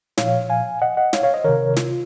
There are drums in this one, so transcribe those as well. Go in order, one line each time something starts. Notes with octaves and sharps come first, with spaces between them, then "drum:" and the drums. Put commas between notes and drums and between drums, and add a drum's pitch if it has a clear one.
A#2 F3 C#5 F5, drum: snare
F5 G#5
D#5 F#5
D#5 F#5
C#5 F5, drum: snare
C#5 F5
C5 D#5
C3 D#3 A#4 C#5
F4, drum: snare